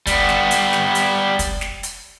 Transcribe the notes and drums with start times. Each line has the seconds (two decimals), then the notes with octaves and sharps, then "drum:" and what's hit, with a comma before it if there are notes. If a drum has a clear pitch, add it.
0.07 G3 B3, drum: kick, hi-hat
0.29 drum: snare
0.51 drum: hi-hat
0.73 drum: snare
0.95 drum: hi-hat
1.39 drum: kick, hi-hat
1.61 drum: snare
1.83 drum: hi-hat